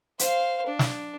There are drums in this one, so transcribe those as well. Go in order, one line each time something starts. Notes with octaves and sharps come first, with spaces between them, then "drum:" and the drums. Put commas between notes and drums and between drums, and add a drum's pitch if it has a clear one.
C5 F5, drum: hi-hat
D4
drum: snare